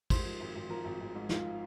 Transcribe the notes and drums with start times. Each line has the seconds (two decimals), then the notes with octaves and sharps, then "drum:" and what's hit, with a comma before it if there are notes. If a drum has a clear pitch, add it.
0.10 G#2 C5 C6, drum: kick, cymbal
0.25 F3
0.41 G#1
0.55 G#1
0.70 F3 A#4 A#5
0.85 G#1
1.00 G#1
1.15 G#2
1.29 F3 F4 F5, drum: snare